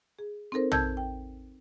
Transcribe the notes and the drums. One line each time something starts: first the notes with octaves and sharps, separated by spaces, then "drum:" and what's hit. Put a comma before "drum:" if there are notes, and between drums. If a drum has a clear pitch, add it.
G#4
C4 D#4 A4 A#4 C5
A5 E6 G6 G#6, drum: tom A#1
G5